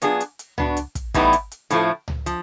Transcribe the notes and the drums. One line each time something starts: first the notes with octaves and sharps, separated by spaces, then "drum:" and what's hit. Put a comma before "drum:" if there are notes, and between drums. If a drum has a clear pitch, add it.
F#3 B3 D4 F4 G#4, drum: hi-hat
drum: hi-hat
drum: hi-hat
B3 D4 F#4, drum: tom C#2
drum: hi-hat
drum: kick, hi-hat
A2 E3 G3 B3 D#4, drum: kick, hi-hat
drum: hi-hat
drum: hi-hat
A2 F3 A3, drum: hi-hat
drum: tom C#2
F3, drum: hi-hat